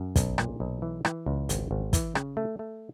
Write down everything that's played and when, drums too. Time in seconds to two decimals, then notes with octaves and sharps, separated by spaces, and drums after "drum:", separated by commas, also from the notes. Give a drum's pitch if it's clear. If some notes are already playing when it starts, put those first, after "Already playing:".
Already playing: F#2
0.16 B1, drum: kick, hi-hat
0.38 A#2, drum: rim click
0.60 B1
0.82 E3
1.05 E3, drum: rim click
1.26 C#2
1.49 G#1, drum: hi-hat
1.71 G#1
1.93 E3, drum: kick, hi-hat
2.15 C#3, drum: rim click
2.37 A3
2.59 A3